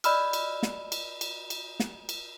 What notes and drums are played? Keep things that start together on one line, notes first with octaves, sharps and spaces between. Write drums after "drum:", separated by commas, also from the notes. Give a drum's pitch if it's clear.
D5 D#5 B5 E6 F6, drum: cymbal
drum: cymbal
drum: snare
drum: cymbal
drum: cymbal
drum: cymbal
drum: snare
drum: cymbal